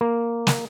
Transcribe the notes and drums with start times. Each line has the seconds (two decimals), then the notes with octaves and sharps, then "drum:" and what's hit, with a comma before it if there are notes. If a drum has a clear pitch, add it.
0.01 A#3
0.47 drum: snare